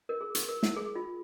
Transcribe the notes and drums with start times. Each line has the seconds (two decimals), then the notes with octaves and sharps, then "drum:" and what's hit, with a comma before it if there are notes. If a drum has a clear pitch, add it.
0.09 A#4
0.21 G#4
0.35 drum: hi-hat
0.49 A#4
0.63 drum: snare
0.76 G#4
0.96 F4